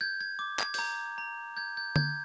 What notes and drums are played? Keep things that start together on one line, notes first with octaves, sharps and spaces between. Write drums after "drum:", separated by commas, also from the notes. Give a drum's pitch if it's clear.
G6 G#6
G#6
D6
G#6, drum: clap
G6, drum: open hi-hat
A#5 G#6
A#5
G6 G#6
G6
G6 G#6, drum: tom D3